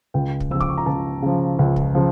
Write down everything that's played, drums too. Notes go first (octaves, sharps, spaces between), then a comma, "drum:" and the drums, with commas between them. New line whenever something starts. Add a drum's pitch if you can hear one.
C#2 G5
drum: kick
C#3 F3 E6
D6, drum: kick
C#6
A#5
C#2 A5
C#3 F3
C#2
drum: kick
C#3 F3